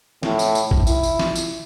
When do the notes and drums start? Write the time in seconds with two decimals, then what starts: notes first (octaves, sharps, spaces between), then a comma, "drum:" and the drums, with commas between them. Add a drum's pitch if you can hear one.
0.23 A2, drum: snare
0.39 drum: tambourine
0.55 drum: tambourine
0.71 drum: kick A1
0.87 E4, drum: tambourine
1.03 drum: tambourine
1.19 drum: snare
1.36 drum: tambourine